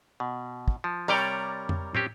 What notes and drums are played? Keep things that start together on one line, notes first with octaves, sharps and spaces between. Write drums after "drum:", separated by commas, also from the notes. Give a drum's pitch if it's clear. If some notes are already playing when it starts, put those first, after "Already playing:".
B2
drum: kick
F3
C3 G3 A#4 C#5 D5 G5
drum: tom F2
C4 C#4 G4, drum: tom